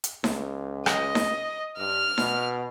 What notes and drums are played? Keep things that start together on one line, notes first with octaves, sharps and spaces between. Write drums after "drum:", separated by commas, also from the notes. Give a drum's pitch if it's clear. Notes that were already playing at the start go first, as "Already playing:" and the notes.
drum: hi-hat
C#2, drum: snare D#4
D#5, drum: rim click
drum: snare D#4
G2 F6
B2, drum: snare D#4